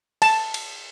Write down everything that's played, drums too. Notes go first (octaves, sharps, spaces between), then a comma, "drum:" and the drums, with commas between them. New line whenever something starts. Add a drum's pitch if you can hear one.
A5, drum: cymbal
drum: cymbal